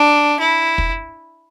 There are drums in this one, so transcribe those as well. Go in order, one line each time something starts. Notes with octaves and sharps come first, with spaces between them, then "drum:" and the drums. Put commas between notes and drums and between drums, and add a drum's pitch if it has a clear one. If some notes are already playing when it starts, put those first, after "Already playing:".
Already playing: D4
E4
drum: kick